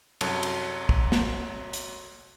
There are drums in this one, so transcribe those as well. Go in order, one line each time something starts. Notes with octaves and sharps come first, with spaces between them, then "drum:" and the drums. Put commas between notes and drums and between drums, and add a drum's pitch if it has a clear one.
C2 F#2 F#3 A4 C#5 A5, drum: cymbal
drum: cymbal
drum: kick
drum: snare
drum: hi-hat